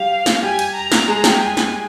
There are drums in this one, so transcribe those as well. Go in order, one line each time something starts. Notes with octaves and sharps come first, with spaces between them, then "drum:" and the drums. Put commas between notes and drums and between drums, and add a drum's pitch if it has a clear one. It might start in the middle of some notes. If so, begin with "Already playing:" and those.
Already playing: G3 G4 F5
drum: snare
G3 G4 G#5
drum: cymbal
A#5
drum: snare
G#3 G#4
G3 G4, drum: snare
G#5
drum: snare